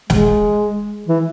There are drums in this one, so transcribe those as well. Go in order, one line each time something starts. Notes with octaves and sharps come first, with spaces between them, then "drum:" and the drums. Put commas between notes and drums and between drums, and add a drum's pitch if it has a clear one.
G#3, drum: snare
E3